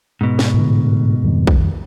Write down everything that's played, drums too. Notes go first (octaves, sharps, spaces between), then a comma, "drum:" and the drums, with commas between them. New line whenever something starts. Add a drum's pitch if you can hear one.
G#2 B2
drum: snare
A2 D3
F2 D#3 G3
drum: kick